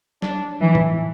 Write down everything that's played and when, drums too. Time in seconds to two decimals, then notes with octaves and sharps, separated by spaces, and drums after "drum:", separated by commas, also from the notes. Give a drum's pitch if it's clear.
0.22 D4, drum: snare
0.61 E3
0.75 drum: tom A2